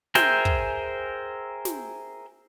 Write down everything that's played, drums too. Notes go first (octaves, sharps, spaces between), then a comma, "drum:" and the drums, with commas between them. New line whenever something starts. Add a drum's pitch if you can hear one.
G#4 A#4 C5 E5 G5, drum: snare
drum: kick
drum: snare